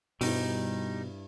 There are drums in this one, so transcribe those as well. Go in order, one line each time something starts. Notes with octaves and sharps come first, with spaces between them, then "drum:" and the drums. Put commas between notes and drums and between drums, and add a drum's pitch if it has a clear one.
G2 B2 G3 D#4 E4, drum: open hi-hat